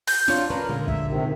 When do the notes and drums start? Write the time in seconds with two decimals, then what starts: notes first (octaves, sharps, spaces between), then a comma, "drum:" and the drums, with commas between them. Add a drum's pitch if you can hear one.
0.07 G6, drum: open hi-hat
0.28 D4 F4 C#5, drum: snare
0.50 C#4 D4 A#4 B4
0.69 A#2 D3 G#3
0.88 E5, drum: kick
1.08 C3 D#3